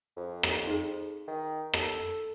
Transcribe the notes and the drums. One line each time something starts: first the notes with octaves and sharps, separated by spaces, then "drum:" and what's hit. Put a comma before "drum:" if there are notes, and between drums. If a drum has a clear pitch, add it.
F2
drum: rim click
D#4 G#4
D#3
A4, drum: rim click